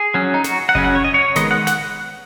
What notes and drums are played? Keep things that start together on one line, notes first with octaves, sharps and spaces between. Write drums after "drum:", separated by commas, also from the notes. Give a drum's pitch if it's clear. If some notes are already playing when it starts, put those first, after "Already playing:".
Already playing: G#4
F#3 C#4
D#4
F#4, drum: snare
F#5
C#3 F#3 C#4 D#5, drum: kick F#1
F#5
C#5
D#5
C#5
D#3 G#3 B3 D#5, drum: snare
F#5
F#5, drum: snare